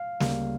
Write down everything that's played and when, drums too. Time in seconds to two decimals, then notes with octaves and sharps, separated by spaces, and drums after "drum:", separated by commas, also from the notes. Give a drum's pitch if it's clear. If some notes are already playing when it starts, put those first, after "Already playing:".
Already playing: F5
0.20 D2 C#3 G3 A#3, drum: snare